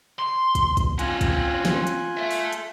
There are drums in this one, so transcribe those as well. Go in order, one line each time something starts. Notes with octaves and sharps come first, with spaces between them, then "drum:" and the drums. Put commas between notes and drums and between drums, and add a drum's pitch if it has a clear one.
C6
drum: kick, hi-hat
drum: kick, hi-hat
C4 C#4 F4 G#5 F#6, drum: hi-hat
drum: kick, hi-hat
drum: snare
drum: hi-hat
A4 E5
drum: open hi-hat
drum: hi-hat